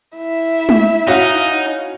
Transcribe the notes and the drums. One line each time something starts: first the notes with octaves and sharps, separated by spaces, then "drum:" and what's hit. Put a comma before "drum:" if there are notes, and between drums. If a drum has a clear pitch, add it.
E4 E5
drum: tom G#3
C#4 D#4 F#4 F5